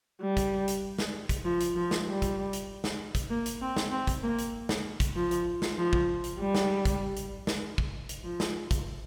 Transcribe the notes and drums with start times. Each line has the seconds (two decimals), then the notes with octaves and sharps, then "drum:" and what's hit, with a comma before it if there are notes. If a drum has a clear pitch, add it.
0.21 G3
0.37 drum: kick, hi-hat
0.68 drum: hi-hat
0.99 drum: snare
1.29 drum: kick, hi-hat
1.45 F3
1.60 drum: hi-hat
1.76 F3
1.91 drum: snare
2.06 G3
2.22 drum: kick, hi-hat
2.53 drum: hi-hat
2.84 drum: snare
3.15 drum: kick, hi-hat
3.30 A#3
3.46 drum: hi-hat
3.62 C4
3.77 drum: snare
3.91 C4
4.07 drum: kick, hi-hat
4.23 A#3
4.38 drum: hi-hat
4.69 drum: snare
5.00 drum: kick, hi-hat
5.16 F3
5.31 drum: hi-hat
5.62 drum: snare
5.78 F3
5.93 drum: kick
6.24 drum: hi-hat
6.39 G3
6.55 drum: snare
6.85 drum: kick, hi-hat
7.16 drum: hi-hat
7.47 drum: snare
7.78 drum: kick
8.09 drum: hi-hat
8.24 F3
8.40 drum: snare
8.71 drum: kick, hi-hat